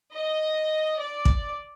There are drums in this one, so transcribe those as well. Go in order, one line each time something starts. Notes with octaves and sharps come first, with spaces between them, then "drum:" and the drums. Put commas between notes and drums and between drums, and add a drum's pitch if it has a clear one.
D#5
D5
drum: kick